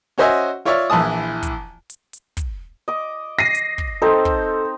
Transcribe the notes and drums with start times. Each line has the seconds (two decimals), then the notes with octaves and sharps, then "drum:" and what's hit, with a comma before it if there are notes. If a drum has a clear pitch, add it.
0.18 C#4 F#4 C5 D#5 E5 G#5
0.65 F4 C#5 D5 E5 C#6 F6
0.90 A#1 E3 E4 A5 D#6
1.43 drum: kick, hi-hat
1.90 drum: hi-hat
2.13 drum: hi-hat
2.37 drum: kick, hi-hat
2.88 D#5 D6
3.39 A#6 C7 D#7
3.55 drum: hi-hat
3.78 drum: kick
4.02 C4 D#4 A4 C5
4.25 drum: kick